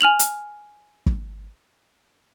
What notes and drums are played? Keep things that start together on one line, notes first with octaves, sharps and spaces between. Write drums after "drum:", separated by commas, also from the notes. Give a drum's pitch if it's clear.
G#5 F6 F7 F#7
drum: hi-hat
drum: kick